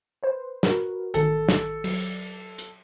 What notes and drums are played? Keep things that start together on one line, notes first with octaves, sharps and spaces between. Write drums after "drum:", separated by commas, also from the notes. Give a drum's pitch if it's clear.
B4 C5
F#4 A#4 B4, drum: snare
A1 D#3 A4, drum: hi-hat
drum: snare
F#3, drum: cymbal
drum: hi-hat